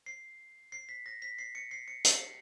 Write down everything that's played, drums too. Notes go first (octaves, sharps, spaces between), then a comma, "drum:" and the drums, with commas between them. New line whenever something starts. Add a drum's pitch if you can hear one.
C7
C7
B6
A#6
B6
C7
C#7
C7
C#7
C7, drum: hi-hat